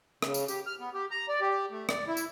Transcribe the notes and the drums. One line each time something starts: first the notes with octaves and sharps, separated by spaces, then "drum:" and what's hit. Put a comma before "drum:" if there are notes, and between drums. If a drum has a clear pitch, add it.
C#3, drum: rim click
drum: tambourine
G4, drum: tambourine
F6
B3
G4
A#5
D5
G4
A3
D5, drum: rim click
E4
drum: tambourine